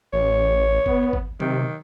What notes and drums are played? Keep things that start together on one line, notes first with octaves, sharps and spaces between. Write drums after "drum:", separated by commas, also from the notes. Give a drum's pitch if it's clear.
A1 C#5
B3, drum: kick
drum: kick
C3 D#3, drum: tom F#3